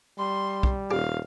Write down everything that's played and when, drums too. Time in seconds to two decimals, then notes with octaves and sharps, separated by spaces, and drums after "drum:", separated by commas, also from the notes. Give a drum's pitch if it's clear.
0.19 G3 C6
0.63 drum: kick
0.91 D#1 G4 F5